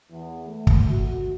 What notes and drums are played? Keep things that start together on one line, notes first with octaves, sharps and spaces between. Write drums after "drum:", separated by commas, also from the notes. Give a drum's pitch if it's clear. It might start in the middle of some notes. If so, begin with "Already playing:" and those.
E2
A3
drum: kick
F#4